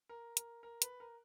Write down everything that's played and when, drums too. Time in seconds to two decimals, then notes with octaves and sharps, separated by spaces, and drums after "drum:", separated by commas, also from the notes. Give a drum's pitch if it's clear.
0.09 A#4
0.37 A#4, drum: hi-hat
0.63 A#4
0.82 B4, drum: hi-hat
1.00 A#4